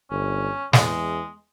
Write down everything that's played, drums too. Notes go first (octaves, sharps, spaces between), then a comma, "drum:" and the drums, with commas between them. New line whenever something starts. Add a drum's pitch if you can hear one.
G1 C#4
E2 G#3, drum: snare